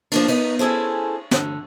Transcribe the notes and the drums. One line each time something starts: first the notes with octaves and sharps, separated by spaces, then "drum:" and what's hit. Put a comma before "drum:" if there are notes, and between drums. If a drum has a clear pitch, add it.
F3 A#3 D4, drum: cymbal
B3 D#4, drum: cymbal
C#4 E4 G#4 A4 C5
D3, drum: snare